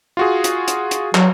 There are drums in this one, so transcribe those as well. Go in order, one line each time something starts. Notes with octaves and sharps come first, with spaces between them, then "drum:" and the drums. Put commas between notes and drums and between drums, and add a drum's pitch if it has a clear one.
F4 F#4 G#4
drum: hi-hat
drum: hi-hat
drum: hi-hat
F#3, drum: clap